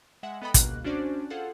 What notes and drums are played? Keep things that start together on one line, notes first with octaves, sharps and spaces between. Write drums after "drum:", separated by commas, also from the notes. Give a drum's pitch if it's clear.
G#3 E5 F#5
B3 A4 D#5 F#5 G5 B5
G1 C#2 B2 A#3 F#6, drum: kick, hi-hat
C#4 D4 F#4 C5 D5
F4 G#4 A4 C5 F5 F#5